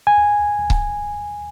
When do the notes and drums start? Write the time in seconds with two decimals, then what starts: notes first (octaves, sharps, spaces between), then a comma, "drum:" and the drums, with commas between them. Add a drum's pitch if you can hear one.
0.07 G#5
0.70 drum: kick C#1